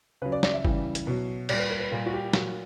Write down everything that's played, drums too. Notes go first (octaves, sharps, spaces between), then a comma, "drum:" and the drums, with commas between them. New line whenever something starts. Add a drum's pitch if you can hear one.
C#3 F#3 B4
D5
D5, drum: snare
E5
C#3 E3 G3, drum: kick G1
drum: hi-hat
B2 F#3
A#2 G3 D5, drum: cymbal
B4
A#4
B4
A#2 G3 A#4
F#4
G4
A#2 F#3 F#4, drum: snare